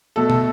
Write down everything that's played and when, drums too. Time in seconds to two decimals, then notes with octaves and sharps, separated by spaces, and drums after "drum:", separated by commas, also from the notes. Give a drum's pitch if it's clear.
0.16 B2 A3 A4
0.30 drum: tom